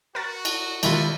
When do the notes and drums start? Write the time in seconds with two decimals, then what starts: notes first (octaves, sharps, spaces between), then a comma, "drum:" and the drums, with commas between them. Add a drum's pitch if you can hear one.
0.15 F#4 A#4 A6
0.45 drum: cymbal
0.83 B2 D#3 G3 G#3 E4 F4, drum: cymbal